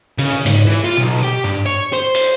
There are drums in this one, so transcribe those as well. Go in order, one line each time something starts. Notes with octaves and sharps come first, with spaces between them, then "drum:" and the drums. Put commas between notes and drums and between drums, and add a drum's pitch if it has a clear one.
C#3, drum: hi-hat
G#2, drum: hi-hat
E3
F4
B1
G4
G2
C#5
C5
drum: hi-hat